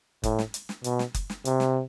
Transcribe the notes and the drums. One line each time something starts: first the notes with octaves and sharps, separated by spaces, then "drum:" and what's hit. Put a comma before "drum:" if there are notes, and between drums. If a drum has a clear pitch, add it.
A2, drum: kick F#1, hi-hat
drum: snare
drum: hi-hat
drum: snare
B2, drum: hi-hat
drum: snare
drum: kick F#1, hi-hat
drum: snare
C3, drum: hi-hat
drum: snare